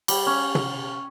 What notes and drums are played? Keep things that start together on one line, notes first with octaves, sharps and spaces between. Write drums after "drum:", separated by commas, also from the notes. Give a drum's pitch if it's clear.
G3, drum: cymbal
C#4
drum: tom